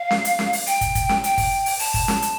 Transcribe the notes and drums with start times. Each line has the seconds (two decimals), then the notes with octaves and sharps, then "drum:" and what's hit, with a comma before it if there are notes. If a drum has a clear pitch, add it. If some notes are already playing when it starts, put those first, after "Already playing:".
Already playing: F5
0.11 drum: snare C#4
0.25 drum: hi-hat
0.39 drum: snare C#4
0.53 drum: open hi-hat
0.67 G5, drum: hi-hat
0.81 drum: kick, hi-hat
0.95 drum: kick, hi-hat
1.09 drum: snare C#4
1.24 G5, drum: hi-hat
1.38 drum: kick, open hi-hat
1.66 drum: open hi-hat
1.79 A5, drum: open hi-hat
1.94 drum: kick, open hi-hat
2.08 drum: snare C#4
2.22 drum: hi-hat